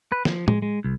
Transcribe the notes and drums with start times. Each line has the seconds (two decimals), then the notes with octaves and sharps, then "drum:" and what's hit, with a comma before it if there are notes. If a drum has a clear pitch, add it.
0.12 B4
0.25 F3, drum: snare
0.48 G#3, drum: tom
0.62 G#3
0.84 C2